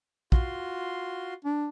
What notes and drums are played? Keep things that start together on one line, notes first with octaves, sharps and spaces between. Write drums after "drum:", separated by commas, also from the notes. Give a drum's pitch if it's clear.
F4 F#4 C6, drum: kick
D4